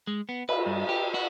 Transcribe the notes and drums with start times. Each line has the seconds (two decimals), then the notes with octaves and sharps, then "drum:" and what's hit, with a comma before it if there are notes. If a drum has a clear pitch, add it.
0.07 G#3
0.29 B3
0.49 B4, drum: cymbal
0.66 G2
0.89 G4
1.14 F#4